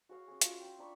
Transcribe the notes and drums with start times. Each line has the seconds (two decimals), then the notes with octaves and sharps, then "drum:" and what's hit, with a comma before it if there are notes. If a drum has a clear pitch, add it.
0.09 F#4 G#4 C#5 F5
0.28 C#4 G#4
0.41 F4 F#4 E5 A5, drum: hi-hat
0.60 G5 C6
0.79 D4 A#5 B5 C#6